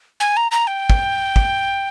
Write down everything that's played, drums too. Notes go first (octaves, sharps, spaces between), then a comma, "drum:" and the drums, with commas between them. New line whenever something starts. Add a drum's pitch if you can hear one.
G#5
A#5
A#5
G5
drum: kick
drum: kick